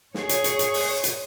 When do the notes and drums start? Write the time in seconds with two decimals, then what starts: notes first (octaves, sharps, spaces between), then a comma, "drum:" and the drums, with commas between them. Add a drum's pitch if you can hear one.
0.14 G#4 C#5, drum: snare
0.29 drum: hi-hat
0.44 drum: hi-hat
0.59 drum: hi-hat
0.74 drum: open hi-hat
1.04 drum: hi-hat